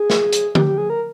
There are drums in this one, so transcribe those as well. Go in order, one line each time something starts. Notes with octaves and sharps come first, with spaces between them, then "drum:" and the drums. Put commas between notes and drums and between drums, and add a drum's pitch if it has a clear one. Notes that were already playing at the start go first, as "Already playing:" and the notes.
Already playing: G#4
drum: snare
drum: hi-hat
G4, drum: tom D3
G4
G#4
A#4